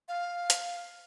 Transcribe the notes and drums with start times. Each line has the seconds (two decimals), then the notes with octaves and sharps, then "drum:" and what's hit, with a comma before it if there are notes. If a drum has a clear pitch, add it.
0.08 F5
0.50 drum: hi-hat